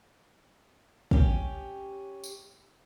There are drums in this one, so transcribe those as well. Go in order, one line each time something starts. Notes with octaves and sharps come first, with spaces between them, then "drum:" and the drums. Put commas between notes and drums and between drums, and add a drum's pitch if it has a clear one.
C#4 G4, drum: kick
drum: tambourine